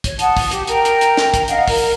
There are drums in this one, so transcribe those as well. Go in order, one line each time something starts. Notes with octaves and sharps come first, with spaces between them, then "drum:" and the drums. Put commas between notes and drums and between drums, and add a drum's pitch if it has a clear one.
C#5, drum: kick, hi-hat
F#5 A5 D#6, drum: hi-hat
drum: kick, open hi-hat
G4, drum: hi-hat
A#4 G5 A#5, drum: hi-hat
drum: hi-hat
drum: hi-hat
drum: snare
drum: kick, hi-hat
D#5 F5 F#5, drum: hi-hat
A#4, drum: kick, open hi-hat